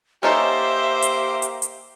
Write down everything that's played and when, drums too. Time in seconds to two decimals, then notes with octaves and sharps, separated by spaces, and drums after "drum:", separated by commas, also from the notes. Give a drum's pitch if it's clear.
0.23 A#3 C#4 D#4 G4 A4 C5 E5
1.02 drum: hi-hat
1.42 drum: hi-hat
1.62 drum: hi-hat